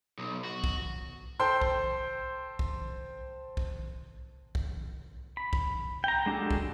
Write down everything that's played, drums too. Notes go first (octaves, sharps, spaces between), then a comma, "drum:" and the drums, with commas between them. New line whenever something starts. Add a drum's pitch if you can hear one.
B1
F#4
drum: kick
A4 C5 G5 C6 G6
drum: kick
drum: kick
drum: kick
drum: kick
B5
drum: kick
G5 A#5
G#3 D4 F#4 G4 A4
drum: kick